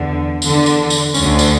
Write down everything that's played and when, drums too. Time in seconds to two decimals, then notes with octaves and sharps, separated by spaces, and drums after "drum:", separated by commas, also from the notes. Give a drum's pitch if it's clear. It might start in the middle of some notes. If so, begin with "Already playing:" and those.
Already playing: E2 D3
0.42 E2 D3, drum: tambourine
0.66 drum: tambourine
0.90 drum: tambourine
1.14 D2 D3 C#4, drum: tambourine
1.39 drum: tambourine